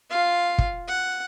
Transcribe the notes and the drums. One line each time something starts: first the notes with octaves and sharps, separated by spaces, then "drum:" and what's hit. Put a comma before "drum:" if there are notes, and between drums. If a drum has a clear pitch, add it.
F4 F5
drum: kick
F#5